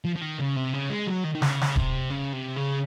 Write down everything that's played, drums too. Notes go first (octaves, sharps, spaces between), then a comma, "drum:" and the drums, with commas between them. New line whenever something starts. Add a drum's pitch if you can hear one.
F3
F3
D#3
C#3
C3
C#3
G#3
F#3
D#3
D#3
C#3, drum: snare
drum: snare
C3, drum: kick D#1
C#3
C3
C#3